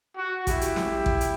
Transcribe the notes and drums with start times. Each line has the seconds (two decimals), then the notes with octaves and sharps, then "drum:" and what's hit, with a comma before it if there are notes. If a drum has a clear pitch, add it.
0.16 F#4
0.47 E4 G4, drum: kick A1, hi-hat
0.61 drum: hi-hat
0.76 drum: snare
1.06 drum: kick A1
1.21 drum: hi-hat